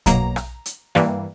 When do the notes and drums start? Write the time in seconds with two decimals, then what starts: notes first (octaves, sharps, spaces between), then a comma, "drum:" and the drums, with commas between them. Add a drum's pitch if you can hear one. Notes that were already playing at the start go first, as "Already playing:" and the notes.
0.06 B1 B2 F#3 A#3 A#5, drum: kick, hi-hat
0.36 drum: rim click
0.66 drum: hi-hat
0.95 G2 E3 G3 A#3, drum: rim click